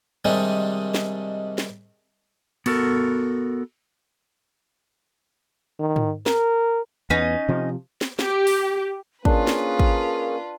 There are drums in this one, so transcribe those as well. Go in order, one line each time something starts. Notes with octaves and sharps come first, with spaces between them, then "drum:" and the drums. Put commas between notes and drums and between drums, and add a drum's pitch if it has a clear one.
C3 D#3 G3 G#3 C4 D4
drum: snare
drum: snare
B3 F#4 A4 A#4, drum: cymbal
D#3
drum: tom G#2
A#4, drum: snare
E2 B3 C#4 D#4 D#5
C3 F3
drum: snare
G4, drum: snare
drum: open hi-hat
A#3 C#4 D4 F4 G#4 B4, drum: kick
drum: snare
drum: kick